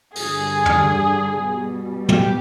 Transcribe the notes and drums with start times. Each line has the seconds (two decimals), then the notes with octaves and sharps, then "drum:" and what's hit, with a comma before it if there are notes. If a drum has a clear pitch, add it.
0.15 G2 D3 G3 G#4, drum: open hi-hat
0.65 drum: tom
1.45 B2 G3
2.09 G4, drum: tom